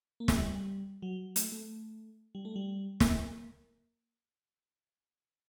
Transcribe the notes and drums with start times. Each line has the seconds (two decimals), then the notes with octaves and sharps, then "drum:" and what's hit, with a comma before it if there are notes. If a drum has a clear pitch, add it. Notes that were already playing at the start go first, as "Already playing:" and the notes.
0.20 A#3
0.28 A3, drum: snare
0.37 G3
1.02 F#3
1.36 A3, drum: hi-hat
1.52 A3
2.35 G3
2.45 A3
2.56 G3
3.00 A#3, drum: snare